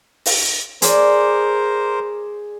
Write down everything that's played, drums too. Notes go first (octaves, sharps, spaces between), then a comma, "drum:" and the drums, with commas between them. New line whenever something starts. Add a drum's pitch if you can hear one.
drum: open hi-hat
G#4 A#4 C5 D5, drum: hi-hat